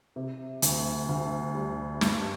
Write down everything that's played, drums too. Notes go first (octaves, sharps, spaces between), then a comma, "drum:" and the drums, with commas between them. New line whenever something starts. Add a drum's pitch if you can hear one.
C3
D2, drum: hi-hat
D2
G3
G2, drum: snare